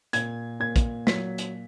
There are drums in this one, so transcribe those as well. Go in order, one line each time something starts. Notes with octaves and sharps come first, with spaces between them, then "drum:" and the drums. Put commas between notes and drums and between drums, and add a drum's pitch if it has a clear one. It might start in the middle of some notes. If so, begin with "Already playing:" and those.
A#2 G#6, drum: hi-hat
A#2 G#6
drum: kick, hi-hat
F#3 B6, drum: snare
drum: hi-hat